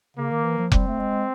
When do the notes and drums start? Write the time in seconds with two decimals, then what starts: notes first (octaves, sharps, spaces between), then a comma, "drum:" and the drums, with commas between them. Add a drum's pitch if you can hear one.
0.17 C#3 A#3
0.31 D#3
0.44 E3
0.58 F3
0.72 G3 C4, drum: kick F1
0.88 A3
0.99 G#3